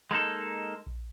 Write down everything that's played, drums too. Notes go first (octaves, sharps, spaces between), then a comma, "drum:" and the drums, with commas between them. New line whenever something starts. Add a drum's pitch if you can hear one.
G#3 A#3 D#4 A4
drum: kick A#1